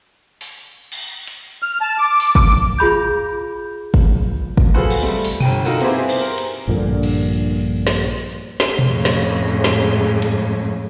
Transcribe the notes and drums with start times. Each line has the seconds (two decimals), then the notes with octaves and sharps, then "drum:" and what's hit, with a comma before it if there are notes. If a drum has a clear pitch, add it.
0.41 drum: open hi-hat
0.92 drum: cymbal
1.27 drum: hi-hat
1.62 F6
1.81 A5
1.98 D6
2.20 drum: open hi-hat
2.35 D6, drum: kick
2.79 F4 G#4 B5 G6
3.94 drum: kick
4.57 drum: kick
4.74 F4 F#4 G#4 A4 B4 C5
4.91 drum: cymbal
5.02 G3 A3
5.25 drum: open hi-hat
5.40 G1 G2 G5 D#7, drum: tom B2
5.65 D#4 F4 F#4 A4 A#4, drum: tambourine
5.80 B3 C4 E4 G4 G#4 C5, drum: cymbal
6.09 drum: cymbal
6.20 A#4
6.38 drum: hi-hat
6.68 A#1 G2 A#2 D3
7.03 drum: cymbal
7.87 drum: snare
8.60 drum: snare
8.79 F2 A2 C#3, drum: tom B2
9.05 drum: snare
9.64 drum: snare
10.22 drum: hi-hat